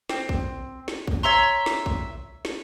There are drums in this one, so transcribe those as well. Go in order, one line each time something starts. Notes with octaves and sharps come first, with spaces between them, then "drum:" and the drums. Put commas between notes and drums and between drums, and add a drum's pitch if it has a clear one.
C4, drum: snare
drum: kick
drum: snare
drum: kick
C#5 E5 A#5 C6
drum: snare
drum: kick
drum: snare